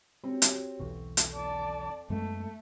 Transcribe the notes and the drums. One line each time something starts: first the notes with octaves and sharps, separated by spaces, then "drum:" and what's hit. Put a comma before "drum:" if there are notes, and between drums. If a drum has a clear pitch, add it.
C4 F#4 G4 C#5
drum: hi-hat
B1 E2 B2 A4 C#6
drum: hi-hat
D5 A5
F#2 G#3 A3 B3